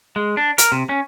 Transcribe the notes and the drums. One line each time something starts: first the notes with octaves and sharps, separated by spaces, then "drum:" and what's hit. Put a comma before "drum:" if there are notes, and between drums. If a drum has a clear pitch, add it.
G#3
D4
A#4, drum: hi-hat
C3
C#4